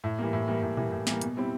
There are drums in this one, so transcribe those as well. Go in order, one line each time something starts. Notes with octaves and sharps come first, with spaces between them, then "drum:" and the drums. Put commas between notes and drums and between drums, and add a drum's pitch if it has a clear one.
A2
E3 G3 A#3
A2
E3 G3 A#3
A2
E3 G3 A#3, drum: tom A#2
A2
E3 G3 A#3, drum: snare
B2, drum: hi-hat
G3 C4 E4